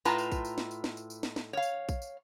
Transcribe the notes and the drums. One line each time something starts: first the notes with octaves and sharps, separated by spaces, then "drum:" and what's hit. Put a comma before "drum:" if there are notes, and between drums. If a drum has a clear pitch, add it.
A2 F4 B4 A5 A#5, drum: tambourine
drum: tambourine
drum: kick A#1, tambourine
drum: tambourine
drum: snare
drum: tambourine
drum: snare
drum: tambourine
drum: tambourine
drum: snare
drum: snare
C#5 F5
drum: tambourine
drum: kick A#1, tambourine
drum: tambourine